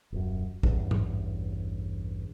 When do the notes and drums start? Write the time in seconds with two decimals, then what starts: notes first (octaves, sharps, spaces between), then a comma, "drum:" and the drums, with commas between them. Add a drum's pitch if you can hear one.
0.12 D#1 F#2
0.63 A1 E2 G2, drum: kick
0.91 drum: tom G#2